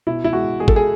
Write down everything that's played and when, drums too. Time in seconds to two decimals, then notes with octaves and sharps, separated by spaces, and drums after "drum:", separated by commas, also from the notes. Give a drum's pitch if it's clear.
0.07 B2 E4
0.24 E4
0.33 G#3 F#4
0.59 G#3 G#4
0.68 A4, drum: kick
0.76 G#4